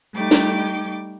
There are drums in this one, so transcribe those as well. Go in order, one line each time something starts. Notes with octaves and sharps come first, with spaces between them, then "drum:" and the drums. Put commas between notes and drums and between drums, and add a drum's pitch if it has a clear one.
G3 A3 D#4 G5 D6
drum: snare